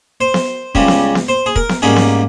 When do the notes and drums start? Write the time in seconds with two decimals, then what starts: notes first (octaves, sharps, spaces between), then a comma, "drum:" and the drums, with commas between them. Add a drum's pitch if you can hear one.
0.21 C5
0.34 drum: snare B3
0.75 C#2 C#3 G3 C#4, drum: kick
0.88 drum: snare B3
1.15 drum: snare B3
1.28 C5
1.46 G#4
1.56 A#4, drum: kick
1.69 drum: snare B3
1.82 G#2 G3 A#3 C#4 G#4
1.96 drum: snare B3